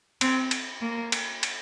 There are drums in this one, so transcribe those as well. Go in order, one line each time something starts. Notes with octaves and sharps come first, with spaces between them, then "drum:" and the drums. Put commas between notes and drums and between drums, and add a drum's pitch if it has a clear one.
C4, drum: cymbal
drum: cymbal
A#3
drum: cymbal
drum: cymbal